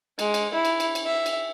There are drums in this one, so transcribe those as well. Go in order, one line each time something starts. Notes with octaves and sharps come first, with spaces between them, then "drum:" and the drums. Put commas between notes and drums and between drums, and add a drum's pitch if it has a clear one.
G#3, drum: cymbal
drum: cymbal
E4
drum: cymbal
drum: cymbal
drum: cymbal
E5
drum: cymbal